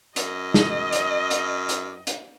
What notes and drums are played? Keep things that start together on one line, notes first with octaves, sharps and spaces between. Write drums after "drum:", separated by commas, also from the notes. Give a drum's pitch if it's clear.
F#2 D#5, drum: hi-hat
drum: snare
drum: hi-hat
drum: hi-hat
drum: hi-hat
drum: hi-hat